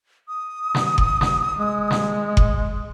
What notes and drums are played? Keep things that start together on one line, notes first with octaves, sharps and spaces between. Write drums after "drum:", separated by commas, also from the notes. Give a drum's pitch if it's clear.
D#6
drum: snare
drum: kick F#1
drum: snare
G#3
drum: snare
drum: kick F#1